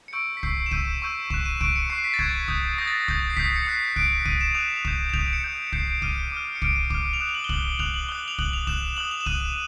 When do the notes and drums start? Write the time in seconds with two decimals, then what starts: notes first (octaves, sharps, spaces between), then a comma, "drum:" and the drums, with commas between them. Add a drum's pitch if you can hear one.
0.08 C#7
0.13 C#6 E6 G6 D7
0.37 B6
0.43 C#6 E6 G6 C7, drum: kick
0.57 D7
0.66 E7
0.71 C#6 E6 G6 D#7, drum: kick
1.02 C#6 E6 G6
1.30 C#6 F#6 E7, drum: kick
1.46 D#7
1.61 C#6 F#6 D7, drum: kick
1.76 C#7
1.90 C#6 F#6 C7
2.04 B6
2.14 A6
2.19 C#6 F#6 G#6, drum: kick
2.48 D#6 G6, drum: kick
2.78 D#6 G6 A#6
2.88 A6
2.93 A#6
3.08 D#6 G6 A6, drum: kick
3.30 C7
3.37 D#6 G6 B6, drum: kick
3.56 C#7
3.66 D#6 F#6 C7
3.96 D#6 F#6 D7, drum: kick
4.25 D#6 F#6 D#7, drum: kick
4.41 E7
4.55 D#6 F#6 F7
4.76 F7
4.85 D#6 G6 E7, drum: kick
5.09 E7
5.13 G6 F7, drum: kick
5.19 D#6 D7
5.33 C#7
5.44 D#6 G6
5.67 C#7
5.72 D#6 G6 C7, drum: kick
5.87 D7
6.02 D6 F6 D#7, drum: kick
6.32 D6 F6
6.55 C#7
6.62 D6 F6 D7, drum: kick
6.76 D#7
6.90 D6 F6, drum: kick
7.13 F7
7.20 D#6 F#6 E7
7.29 F7
7.34 F#7
7.44 G7
7.49 D#6 F#6 F#7, drum: kick
7.79 D#6 F#6 F7, drum: kick
7.94 F#7
8.09 D#6 F#6 G7
8.28 F7
8.38 D#6 F#6 F#7, drum: kick
8.53 F7
8.67 D#6 F#6 E7, drum: kick
8.97 D#6 F#6 F#7
9.11 F7
9.21 E7
9.26 D#6 F#6 D#7, drum: kick